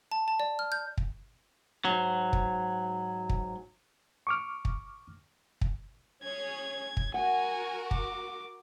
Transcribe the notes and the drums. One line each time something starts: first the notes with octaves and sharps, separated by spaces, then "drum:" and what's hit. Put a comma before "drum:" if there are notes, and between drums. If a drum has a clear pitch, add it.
A5
A5
D5
F6
G6
drum: kick
G#2 F#3
drum: kick
drum: kick
C#6 D6 F6
drum: kick
drum: kick
C#4 G#4 C#5 G#6
drum: kick
F#4 A#4 F#5 G#5
D6, drum: kick